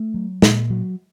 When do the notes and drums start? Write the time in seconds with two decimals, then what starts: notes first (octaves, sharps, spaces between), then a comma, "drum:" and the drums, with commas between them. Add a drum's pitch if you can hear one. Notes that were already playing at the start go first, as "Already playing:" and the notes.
Already playing: A3
0.14 F#3
0.42 A#2, drum: snare
0.70 F#3